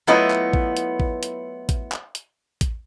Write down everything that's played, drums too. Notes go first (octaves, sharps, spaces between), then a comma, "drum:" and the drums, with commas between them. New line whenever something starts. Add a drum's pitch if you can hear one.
F#3 A3 B3 E4 F4 D#5
drum: clap
drum: kick A1
drum: hi-hat
drum: kick A1
drum: hi-hat
drum: kick A1, hi-hat
drum: clap
drum: hi-hat
drum: kick A1, hi-hat